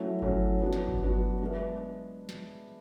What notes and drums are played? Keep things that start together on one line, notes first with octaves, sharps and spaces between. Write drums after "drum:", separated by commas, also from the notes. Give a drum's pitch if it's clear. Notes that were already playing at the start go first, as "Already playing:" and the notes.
Already playing: F#3 A3 C#4 E4
F#3 A3 C#4 E4, drum: kick G1
F#3 B3 D4 F#4
drum: snare
drum: kick G1
F#3 B3 D4 F#4
G#3 D4 G#4 B4 E5
drum: snare